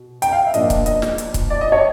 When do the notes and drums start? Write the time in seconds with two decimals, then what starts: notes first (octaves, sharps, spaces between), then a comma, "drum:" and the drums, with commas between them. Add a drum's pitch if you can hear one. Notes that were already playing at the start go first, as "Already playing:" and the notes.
Already playing: B2
0.22 G5, drum: hi-hat
0.32 F5
0.47 E5
0.54 A#2 F3 A#3 D4 D#5, drum: hi-hat
0.70 drum: kick, hi-hat
0.86 D#5, drum: hi-hat
1.02 drum: snare
1.18 drum: hi-hat
1.34 drum: kick, hi-hat
1.50 D5
1.61 D#5
1.72 C#5